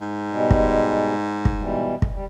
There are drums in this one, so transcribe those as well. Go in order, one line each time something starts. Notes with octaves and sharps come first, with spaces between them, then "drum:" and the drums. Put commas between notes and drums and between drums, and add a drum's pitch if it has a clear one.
G#2
B2 G3 G#3
drum: kick
drum: kick
B2 E3 G3
drum: kick
G3